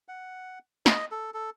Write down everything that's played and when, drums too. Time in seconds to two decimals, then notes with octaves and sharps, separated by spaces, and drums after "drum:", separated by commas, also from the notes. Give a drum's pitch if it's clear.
0.08 F#5
0.86 D#5, drum: snare
1.11 A4
1.34 A4